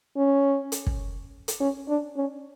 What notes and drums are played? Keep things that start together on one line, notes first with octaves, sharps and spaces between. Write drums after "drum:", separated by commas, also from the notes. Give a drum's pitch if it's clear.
C#4
drum: hi-hat
drum: kick
drum: hi-hat
C#4
D4
C#4